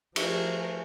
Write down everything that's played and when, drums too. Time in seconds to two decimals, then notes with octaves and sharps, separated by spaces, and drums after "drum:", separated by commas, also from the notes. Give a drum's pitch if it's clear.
0.16 F3 A3 F4 G4 G#4 A#4 F5, drum: cymbal